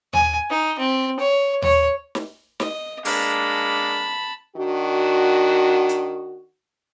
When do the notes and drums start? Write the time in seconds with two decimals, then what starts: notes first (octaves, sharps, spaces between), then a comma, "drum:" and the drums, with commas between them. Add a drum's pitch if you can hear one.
0.13 G#5, drum: tom D#2
0.50 D#4
0.79 C4
1.19 C#5
1.62 C#5, drum: tom D#2
2.15 drum: snare
2.60 D#5, drum: snare
3.05 G#3 A#3 D4 A5 B5, drum: open hi-hat
4.57 D#3 D4 F#4
5.89 drum: hi-hat